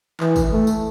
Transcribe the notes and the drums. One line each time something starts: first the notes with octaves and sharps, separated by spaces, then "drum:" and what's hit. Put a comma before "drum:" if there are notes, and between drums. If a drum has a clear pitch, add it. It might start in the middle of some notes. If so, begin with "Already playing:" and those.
E3, drum: clap
drum: kick, tambourine
A3
drum: tambourine